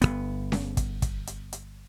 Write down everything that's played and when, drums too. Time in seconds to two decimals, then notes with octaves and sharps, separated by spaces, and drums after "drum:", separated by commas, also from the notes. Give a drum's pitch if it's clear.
0.02 G1 F#2 B3, drum: hi-hat
0.52 drum: snare C#4
0.77 drum: kick, hi-hat
1.02 drum: kick, hi-hat
1.27 drum: hi-hat
1.53 drum: hi-hat